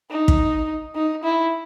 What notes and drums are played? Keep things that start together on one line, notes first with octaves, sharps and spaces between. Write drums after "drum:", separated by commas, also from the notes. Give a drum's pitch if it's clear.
D#4
drum: kick
D#4
E4